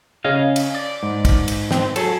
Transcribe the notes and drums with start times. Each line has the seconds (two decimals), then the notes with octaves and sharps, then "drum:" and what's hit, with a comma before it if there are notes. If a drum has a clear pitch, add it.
0.24 C#3 C#5 D#5 F5
0.56 drum: cymbal
0.74 D5
1.03 G#2
1.25 drum: kick, cymbal
1.48 drum: cymbal
1.71 C4, drum: snare
1.96 F#3 G#4 A4, drum: cymbal